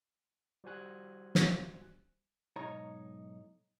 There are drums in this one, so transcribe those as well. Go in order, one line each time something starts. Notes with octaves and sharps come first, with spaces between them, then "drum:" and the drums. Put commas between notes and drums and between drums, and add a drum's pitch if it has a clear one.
G3 F#4 C5 G#5 F#6
drum: snare
B1 G#2 D#4 C#5 A#5